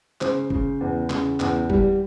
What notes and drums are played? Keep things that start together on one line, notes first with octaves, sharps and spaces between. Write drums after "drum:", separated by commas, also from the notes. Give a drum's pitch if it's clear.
C#3 C5, drum: clap
C#3, drum: kick F#1
E2
C#3, drum: clap
E2, drum: clap
G3, drum: kick F#1